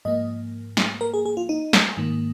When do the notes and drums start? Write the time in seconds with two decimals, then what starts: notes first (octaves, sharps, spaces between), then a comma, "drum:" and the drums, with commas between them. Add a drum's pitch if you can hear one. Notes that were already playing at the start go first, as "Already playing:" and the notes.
0.05 G#2 F3 A#3 D#5
0.77 drum: snare
1.01 A#4
1.14 G#4
1.26 G#4
1.37 F4
1.49 D#4
1.73 drum: snare
1.97 G#2 D#3 A#3